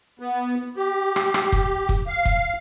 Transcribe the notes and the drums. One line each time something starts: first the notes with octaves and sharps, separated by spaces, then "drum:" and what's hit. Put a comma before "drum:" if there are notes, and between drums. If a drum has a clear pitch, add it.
B3
G4
drum: rim click
drum: rim click
drum: kick
drum: kick
F5
drum: kick